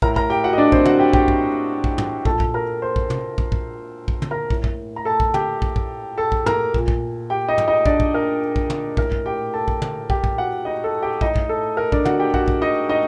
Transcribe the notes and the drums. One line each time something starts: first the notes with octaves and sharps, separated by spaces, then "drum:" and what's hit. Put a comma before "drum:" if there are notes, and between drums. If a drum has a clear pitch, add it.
A2 A#4 A#5, drum: kick
A#4 A#5, drum: kick
G4 G5
F#4 F#5
D#5
D4 D5
C4 C5, drum: kick
F#4 F#5, drum: tom
G4 G5
G4 G5, drum: kick
drum: kick
drum: kick
drum: tom
A#2 A4 A5, drum: kick
drum: kick
A#4 A#5
C5 C6
drum: kick
drum: tom
drum: kick
drum: kick
drum: kick
drum: tom
A#4 A#5
A2, drum: kick
drum: kick
A#5
A4 A5
drum: kick
G4 G5, drum: tom
drum: kick
drum: kick
A4 A5
drum: kick
A#4 A#5, drum: tom
A#2, drum: kick
drum: kick
G4 G5
D#4 D#5
drum: tom
D#4 D#5
D4 D5, drum: kick
drum: kick
A#4
drum: kick
drum: tom
A2 A#4, drum: kick
drum: kick
G4 G5
A4 A5
drum: kick
drum: tom
G4 G5, drum: kick
drum: kick
F#4 F#5
D#4 D#5
A4
G4 G5
A2 D#4 D#5, drum: kick
drum: kick
A4
A#4
D4 D5, drum: kick
F#4 F#5, drum: tom
G4 G5
F#4 F#5, drum: kick
drum: kick
D#4 D#5
D#4 D#5